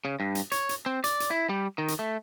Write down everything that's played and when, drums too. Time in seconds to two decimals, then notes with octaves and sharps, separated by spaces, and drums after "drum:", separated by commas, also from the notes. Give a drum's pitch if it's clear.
0.05 C#3
0.20 G2
0.35 drum: hi-hat
0.52 C#5, drum: hi-hat
0.69 drum: hi-hat
0.86 C4
1.04 D5, drum: hi-hat
1.20 drum: hi-hat
1.31 E4
1.49 G3
1.78 D#3
1.88 drum: hi-hat
1.99 A3